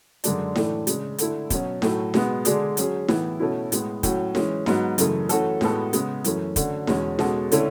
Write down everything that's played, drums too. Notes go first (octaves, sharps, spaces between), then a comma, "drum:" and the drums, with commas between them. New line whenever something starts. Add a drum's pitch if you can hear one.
F#2 D3 G#3 D4, drum: hi-hat
A2 E3 A3 D4, drum: snare D#4
C#3 G#3 D4, drum: hi-hat
D3 A3 E4, drum: hi-hat
B2 F#3 C#4, drum: kick, hi-hat
A2 F#3 A3, drum: snare D#4
B2 G#3 B3, drum: snare D#4
D3 G#3 D4 G#4, drum: hi-hat
F#3 C#4 G#4, drum: hi-hat
A2 E3 B3 E4, drum: snare D#4
B2 A3 C#4 E4
A2 G#3 B3, drum: hi-hat
A2 F#3 C#4 F#4, drum: kick, hi-hat
E3 G#3 C#4, drum: snare D#4
G#2 F#3 B3, drum: snare D#4
F#2 C#3 E3 A3, drum: hi-hat
E3 A3 C#4 F#4 A4, drum: hi-hat
A2 G#3 B3 F#4 A4, drum: snare D#4
C#3 G#3 B3, drum: hi-hat
F#2 E3 A3 C#4, drum: hi-hat
D3 A3 C#4 F#4, drum: kick, hi-hat
E2 B2 G#3 C#4, drum: snare D#4
B2 G#3 C#4 F#4 A4, drum: snare D#4
D3 A3 C#4 E4, drum: hi-hat